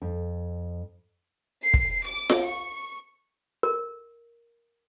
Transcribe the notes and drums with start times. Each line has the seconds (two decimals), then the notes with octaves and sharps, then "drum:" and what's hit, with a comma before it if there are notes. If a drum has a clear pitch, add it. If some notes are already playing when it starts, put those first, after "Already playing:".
0.02 F2
1.64 C7
1.74 drum: kick
2.08 D6
2.29 drum: snare F4
2.44 C#6
3.63 A#4